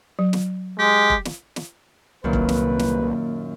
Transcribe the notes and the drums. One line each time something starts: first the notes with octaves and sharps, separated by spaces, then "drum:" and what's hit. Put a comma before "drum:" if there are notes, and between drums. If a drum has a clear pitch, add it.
F#3
drum: snare
G#3 G4
drum: kick
drum: snare
drum: snare
C2 F#2 A#2 D#3 A#3 B4
drum: kick
drum: snare
drum: snare